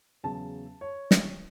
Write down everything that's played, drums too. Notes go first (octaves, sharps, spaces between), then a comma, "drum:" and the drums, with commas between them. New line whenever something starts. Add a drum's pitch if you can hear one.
E2 C#3 F#3 A5
C#5
drum: snare